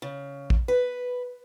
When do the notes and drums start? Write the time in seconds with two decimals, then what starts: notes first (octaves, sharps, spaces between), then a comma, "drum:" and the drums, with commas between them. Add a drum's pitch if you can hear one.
0.02 C#3
0.50 drum: kick
0.68 B4